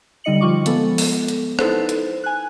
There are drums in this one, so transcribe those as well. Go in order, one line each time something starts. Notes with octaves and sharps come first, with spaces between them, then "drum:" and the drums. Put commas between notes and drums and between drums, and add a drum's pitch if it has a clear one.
D3 G3 D#4 D#5 C#7 F#7
F3 G3 F4 C#6 D6
F3 G#3 B3 A4, drum: hi-hat
drum: open hi-hat
drum: hi-hat
D#4 E4 A4 B4 C5, drum: rim click
drum: hi-hat
G#5 F#6